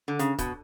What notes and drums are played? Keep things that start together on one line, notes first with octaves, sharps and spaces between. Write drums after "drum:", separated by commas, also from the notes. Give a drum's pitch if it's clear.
D3
C#3, drum: hi-hat
B2, drum: kick, hi-hat